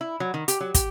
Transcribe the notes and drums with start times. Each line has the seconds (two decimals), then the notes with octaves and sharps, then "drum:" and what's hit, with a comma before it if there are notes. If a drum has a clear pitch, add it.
0.01 E4
0.20 F#3
0.34 D#3
0.48 G4, drum: hi-hat
0.61 F#3
0.74 G4, drum: kick, hi-hat